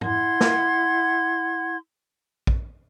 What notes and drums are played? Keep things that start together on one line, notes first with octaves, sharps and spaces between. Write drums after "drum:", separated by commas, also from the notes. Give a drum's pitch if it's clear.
E4 F#5 C6 G#6, drum: tom
drum: snare
drum: kick A#1